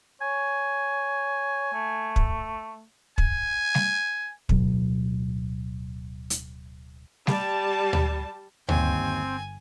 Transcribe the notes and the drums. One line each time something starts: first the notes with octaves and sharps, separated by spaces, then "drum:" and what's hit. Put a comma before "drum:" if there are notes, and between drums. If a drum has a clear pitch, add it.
C#5 G#5
A3
drum: kick
G#5, drum: kick
drum: snare G3
D1 B2 F#3, drum: kick
drum: hi-hat
G3 A5, drum: snare G3
drum: tom D2
G1 D#2 C4 G#5, drum: tom D2